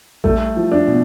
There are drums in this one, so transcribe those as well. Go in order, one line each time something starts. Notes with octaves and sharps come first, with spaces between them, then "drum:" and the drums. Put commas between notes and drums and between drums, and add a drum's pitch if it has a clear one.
G3 A3, drum: kick A1
F3
D4
B2